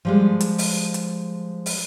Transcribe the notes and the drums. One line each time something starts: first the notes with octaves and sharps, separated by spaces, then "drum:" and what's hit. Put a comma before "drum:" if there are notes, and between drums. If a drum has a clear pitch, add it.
F3 G3 G#3
drum: hi-hat
drum: open hi-hat
drum: hi-hat
drum: open hi-hat